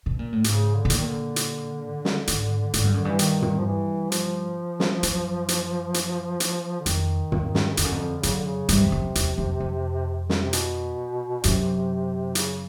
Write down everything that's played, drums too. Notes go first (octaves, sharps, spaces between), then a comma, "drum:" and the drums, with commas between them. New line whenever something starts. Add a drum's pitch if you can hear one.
B2
A#2
A2
G#2 C#3, drum: hi-hat
D3
B2
A#2, drum: hi-hat
D#3
D3
drum: hi-hat
drum: snare
G#2, drum: hi-hat
G#2, drum: hi-hat
G2
F#2
G2 E3
D#3, drum: hi-hat
drum: tom
F3
E3
F3, drum: hi-hat
drum: snare
F#2, drum: hi-hat
drum: hi-hat
drum: hi-hat
drum: hi-hat
D3
F2 D#3, drum: hi-hat
E2, drum: tom
drum: snare
C#3
F2 D3, drum: hi-hat
F#2
F2
F#2 C#3, drum: hi-hat
D3
C#3
G2 C3, drum: hi-hat
E2
F2
E2, drum: hi-hat
F2
F2
drum: snare
C3
B2, drum: hi-hat
F#2 C3, drum: hi-hat
C#3, drum: hi-hat